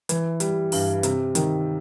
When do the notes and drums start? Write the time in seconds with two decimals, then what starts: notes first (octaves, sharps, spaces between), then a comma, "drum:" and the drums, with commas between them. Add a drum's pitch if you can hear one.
0.09 E3, drum: hi-hat
0.40 G3, drum: hi-hat
0.72 G2, drum: open hi-hat
1.03 C3, drum: hi-hat
1.35 D#3, drum: hi-hat